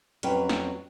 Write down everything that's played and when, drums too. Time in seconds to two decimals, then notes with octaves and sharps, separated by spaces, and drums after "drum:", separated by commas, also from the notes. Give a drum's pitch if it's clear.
0.23 F2 F#3 C#4 G4 B4 G5, drum: hi-hat
0.49 drum: snare